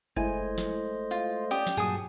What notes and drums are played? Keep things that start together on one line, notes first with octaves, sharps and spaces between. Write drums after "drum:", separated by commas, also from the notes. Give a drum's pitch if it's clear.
G#3 A3 E4 C5 D#5 G#5, drum: kick F#1
drum: snare
F4
C#4 G4 D5 D#6
drum: snare
G2 A#2 F#3 G#4 F#5 A5 D#6